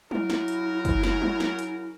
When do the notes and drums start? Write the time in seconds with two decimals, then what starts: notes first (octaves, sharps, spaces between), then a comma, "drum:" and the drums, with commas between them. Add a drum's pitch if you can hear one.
0.11 C#3 F#3 E4 A#4, drum: tom F#3
0.30 drum: snare
0.48 drum: hi-hat
0.85 drum: kick, hi-hat
1.03 drum: snare
1.22 drum: tom F#3
1.40 drum: snare
1.59 drum: hi-hat